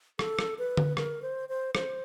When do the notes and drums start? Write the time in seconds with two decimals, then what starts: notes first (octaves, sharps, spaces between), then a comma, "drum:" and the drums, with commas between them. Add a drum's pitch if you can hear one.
0.19 A4, drum: rim click
0.39 drum: rim click
0.59 B4
0.77 drum: tom D3
0.97 A#4, drum: rim click
1.22 C5
1.49 C5
1.75 C5, drum: rim click